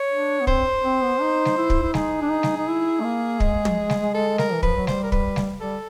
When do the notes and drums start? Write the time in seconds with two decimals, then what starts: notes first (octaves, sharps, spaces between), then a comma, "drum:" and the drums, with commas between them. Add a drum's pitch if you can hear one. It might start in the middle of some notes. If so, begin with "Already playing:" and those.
Already playing: C#5
0.11 D4
0.41 B3
0.47 C4 C5, drum: kick
0.84 C4
1.03 B3
1.21 D#4
1.45 drum: snare G3
1.58 E4
1.70 drum: kick
1.82 E4
1.94 D#4 G#4, drum: snare G3
2.22 D4
2.30 D#4
2.43 drum: snare G3
2.57 D#4
2.68 E4
3.00 A3
3.04 A#3
3.40 G#3, drum: kick
3.65 drum: tom
3.90 drum: snare G3
4.14 A4
4.38 A#4, drum: snare G3
4.52 E3
4.63 F3 B4, drum: kick
4.76 F#3
4.87 G3 C5, drum: snare G3
5.03 A#4
5.12 B4, drum: kick
5.36 drum: snare G3
5.60 G3 A4